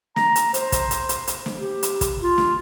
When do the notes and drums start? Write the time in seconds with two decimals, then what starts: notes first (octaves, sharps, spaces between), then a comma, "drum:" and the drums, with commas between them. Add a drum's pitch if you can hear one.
0.16 A#5, drum: snare
0.36 drum: hi-hat
0.54 C5, drum: hi-hat
0.72 drum: kick, hi-hat
0.91 drum: hi-hat
1.09 drum: hi-hat
1.27 drum: hi-hat
1.46 drum: snare
1.57 G4
1.83 drum: hi-hat
2.01 drum: kick, hi-hat
2.23 F4
2.38 drum: snare